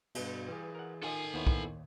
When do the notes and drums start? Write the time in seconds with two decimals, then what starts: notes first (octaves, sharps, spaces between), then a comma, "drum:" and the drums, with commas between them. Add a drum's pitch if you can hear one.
0.15 G2 B2, drum: cymbal
0.48 E3 G3 G#4
0.75 A#4 F#5
1.03 D#3 F4 A4 D#5 G#5
1.34 D#2 B3 E4 C5 C#5
1.47 drum: kick